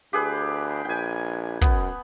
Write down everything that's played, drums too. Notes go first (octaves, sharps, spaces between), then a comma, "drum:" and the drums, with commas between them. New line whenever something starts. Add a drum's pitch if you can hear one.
D2 G4 G#4 B4
A#1 G5 G#5
F#2 B3, drum: kick